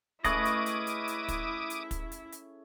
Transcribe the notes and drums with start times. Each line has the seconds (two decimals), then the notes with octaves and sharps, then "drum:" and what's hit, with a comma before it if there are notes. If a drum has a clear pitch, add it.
0.25 A3 C#4 E4 G#4 B4 D#5 D6 D#6, drum: kick, hi-hat
0.45 drum: hi-hat
0.66 drum: hi-hat
0.87 drum: hi-hat
1.08 drum: hi-hat
1.28 drum: kick, hi-hat
1.70 drum: hi-hat
1.91 drum: kick, hi-hat
2.12 drum: hi-hat
2.32 drum: hi-hat